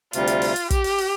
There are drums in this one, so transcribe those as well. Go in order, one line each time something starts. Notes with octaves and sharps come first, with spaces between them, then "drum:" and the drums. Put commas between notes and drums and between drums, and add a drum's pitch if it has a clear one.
D2 C3 G3 F4, drum: hi-hat
drum: hi-hat
drum: open hi-hat
drum: hi-hat
G4, drum: kick, hi-hat
drum: open hi-hat
drum: open hi-hat